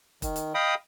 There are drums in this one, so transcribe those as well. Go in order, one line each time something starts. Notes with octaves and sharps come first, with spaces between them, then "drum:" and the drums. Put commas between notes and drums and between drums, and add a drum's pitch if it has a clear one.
D#3, drum: kick E1, hi-hat
drum: hi-hat
D#5 F5 G5 B5 D#6